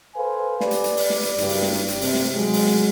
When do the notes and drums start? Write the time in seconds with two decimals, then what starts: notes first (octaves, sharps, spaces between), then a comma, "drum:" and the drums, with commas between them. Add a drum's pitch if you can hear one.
0.15 A4 B4 C5 F5 G#5
0.60 G4 B4 D5, drum: snare
0.71 drum: hi-hat
0.84 drum: hi-hat
0.97 drum: open hi-hat
1.10 drum: snare
1.23 drum: hi-hat
1.38 F#1 G2, drum: hi-hat
1.49 drum: open hi-hat
1.62 drum: snare
1.75 drum: hi-hat
1.88 drum: hi-hat
2.01 C3, drum: open hi-hat
2.14 drum: snare
2.34 F#3 G#3
2.54 drum: open hi-hat
2.67 drum: snare